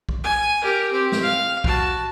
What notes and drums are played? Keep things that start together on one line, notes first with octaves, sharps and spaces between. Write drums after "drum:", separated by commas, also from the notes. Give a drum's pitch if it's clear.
drum: kick B1
G#5
G4 A#4
C4 G4
drum: snare
F5
F#4 A5, drum: kick B1